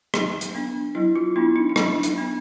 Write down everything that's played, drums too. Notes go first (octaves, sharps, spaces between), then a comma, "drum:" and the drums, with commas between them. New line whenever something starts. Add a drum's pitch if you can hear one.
F#3 D#4, drum: rim click
drum: hi-hat
B3 D4
F#3 E4
F4
B3 D4 E4
D#4
D#4
F#3 D4, drum: rim click
D#4, drum: hi-hat
B3 D4